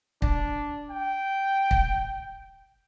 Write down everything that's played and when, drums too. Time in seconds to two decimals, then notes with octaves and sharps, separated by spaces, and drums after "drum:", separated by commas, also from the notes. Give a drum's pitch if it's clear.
0.22 D4, drum: kick
0.90 G5
1.71 drum: kick